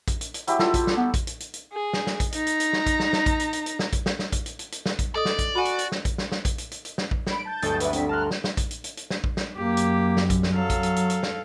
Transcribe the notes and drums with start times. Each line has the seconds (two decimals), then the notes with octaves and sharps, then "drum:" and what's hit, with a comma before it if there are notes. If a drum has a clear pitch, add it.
0.08 drum: kick A#1, hi-hat
0.21 drum: hi-hat
0.34 drum: hi-hat
0.47 F#3 E4 G4, drum: hi-hat
0.59 F4 A4, drum: snare
0.74 drum: kick A#1, hi-hat
0.87 drum: snare
0.97 B3
1.14 drum: kick A#1, hi-hat
1.27 drum: hi-hat
1.40 drum: hi-hat
1.54 drum: hi-hat
1.73 G#4
1.93 drum: snare
2.07 drum: snare
2.20 drum: kick A#1, hi-hat
2.32 D#4 A#5, drum: hi-hat
2.47 drum: hi-hat
2.60 drum: hi-hat
2.73 drum: snare
2.86 drum: kick A#1, hi-hat
3.00 drum: snare
3.13 drum: snare
3.26 drum: kick A#1, hi-hat
3.40 drum: hi-hat
3.53 drum: hi-hat
3.66 drum: hi-hat
3.79 drum: snare
3.93 drum: kick A#1, hi-hat
4.06 drum: snare
4.19 drum: snare
4.32 drum: kick A#1, hi-hat
4.46 drum: hi-hat
4.59 drum: hi-hat
4.72 drum: hi-hat
4.86 drum: snare
4.99 drum: kick A#1, hi-hat
5.15 A4 D5 D#5 D#6
5.25 drum: snare
5.39 drum: kick A#1, hi-hat
5.55 F#4 G#5 B5
5.65 drum: hi-hat
5.79 drum: hi-hat
5.92 drum: snare
6.05 drum: kick A#1, hi-hat
6.18 drum: snare
6.32 drum: snare
6.45 drum: kick A#1, hi-hat
6.58 drum: hi-hat
6.71 drum: hi-hat
6.85 drum: hi-hat
6.98 drum: snare
7.11 drum: kick A#1
7.27 B5 D7, drum: snare
7.45 A5 G6 A6
7.62 G1 D2, drum: hi-hat
7.80 B4 D5 E5, drum: hi-hat
7.93 C4 D4 B6, drum: hi-hat
8.09 A5 A#5 C6 F6 F#6
8.31 drum: snare
8.44 drum: snare
8.57 drum: kick A#1, hi-hat
8.71 drum: hi-hat
8.84 drum: hi-hat
8.97 drum: hi-hat
9.10 drum: snare
9.24 drum: kick A#1
9.37 drum: snare
9.56 F#2 A#3 G4
9.77 drum: hi-hat
10.17 drum: snare
10.30 drum: kick A#1, hi-hat
10.43 drum: snare
10.53 F#3 A4 F5
10.70 drum: kick A#1, hi-hat
10.83 drum: hi-hat
10.96 drum: hi-hat
11.10 drum: hi-hat
11.23 drum: snare